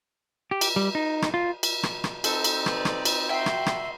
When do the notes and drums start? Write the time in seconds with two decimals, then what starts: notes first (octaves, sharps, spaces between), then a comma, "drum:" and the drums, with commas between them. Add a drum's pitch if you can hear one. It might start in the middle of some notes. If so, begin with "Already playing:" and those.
0.51 G4
0.61 drum: cymbal
0.76 G3
0.95 D#4
1.22 drum: rim click
1.34 F4
1.63 drum: cymbal
1.83 drum: rim click
2.04 drum: rim click
2.24 C4 D#4 A4, drum: cymbal
2.44 drum: cymbal
2.66 B4 D5, drum: rim click
2.85 drum: rim click
3.05 drum: cymbal
3.29 F#4 E5 G5 C6
3.46 drum: rim click
3.66 drum: rim click